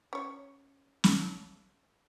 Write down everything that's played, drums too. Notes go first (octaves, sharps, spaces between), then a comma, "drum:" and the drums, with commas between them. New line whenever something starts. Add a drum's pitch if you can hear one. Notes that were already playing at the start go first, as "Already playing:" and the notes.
C#4 C#5
drum: snare